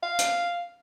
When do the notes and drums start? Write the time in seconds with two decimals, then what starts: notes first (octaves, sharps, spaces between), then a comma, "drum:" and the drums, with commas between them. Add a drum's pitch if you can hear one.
0.03 F5
0.19 drum: hi-hat